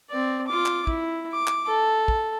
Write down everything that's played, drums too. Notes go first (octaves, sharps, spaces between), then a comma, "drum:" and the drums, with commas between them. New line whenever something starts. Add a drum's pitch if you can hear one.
C4 D5
F4 D6
drum: clap
E4, drum: kick
D6
drum: clap
A4
drum: kick